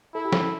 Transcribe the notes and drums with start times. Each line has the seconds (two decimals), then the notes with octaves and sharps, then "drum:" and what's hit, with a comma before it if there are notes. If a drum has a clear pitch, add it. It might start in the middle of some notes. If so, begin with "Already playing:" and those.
0.14 E4 A4
0.25 G4
0.32 A4, drum: snare